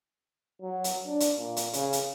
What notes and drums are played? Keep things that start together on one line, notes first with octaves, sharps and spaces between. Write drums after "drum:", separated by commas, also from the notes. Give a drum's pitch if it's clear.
F#3
drum: hi-hat
D4
drum: hi-hat
A#2
drum: hi-hat
C#3, drum: hi-hat
drum: hi-hat